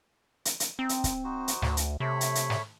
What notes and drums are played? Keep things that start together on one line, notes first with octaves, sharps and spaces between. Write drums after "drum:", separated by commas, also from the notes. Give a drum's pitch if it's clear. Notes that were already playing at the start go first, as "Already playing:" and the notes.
drum: hi-hat
drum: hi-hat
C4 D#4 C5
drum: hi-hat
drum: kick, hi-hat
D#4 F#4 C5
drum: hi-hat
D2, drum: snare
drum: hi-hat
C3 A3 C#5 B5
drum: hi-hat
drum: hi-hat
drum: snare